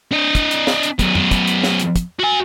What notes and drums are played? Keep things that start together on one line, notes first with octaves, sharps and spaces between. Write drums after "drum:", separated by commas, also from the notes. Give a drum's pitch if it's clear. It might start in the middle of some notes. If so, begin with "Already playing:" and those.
D4 D#5
drum: kick, hi-hat
drum: hi-hat
drum: snare
drum: hi-hat
F#2 B3, drum: kick, hi-hat
drum: tom
drum: kick, hi-hat
drum: hi-hat
drum: snare
drum: hi-hat
drum: kick, hi-hat
F#4 G#5